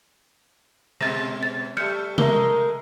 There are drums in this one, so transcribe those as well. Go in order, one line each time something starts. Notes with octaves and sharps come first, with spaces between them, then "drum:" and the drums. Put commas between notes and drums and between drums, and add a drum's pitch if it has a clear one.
B2 G#3 C4 A6 A#6
A6
G3 A3 F6 G6 C#7
G#3 A3 A#4 D#5 G7, drum: tom C3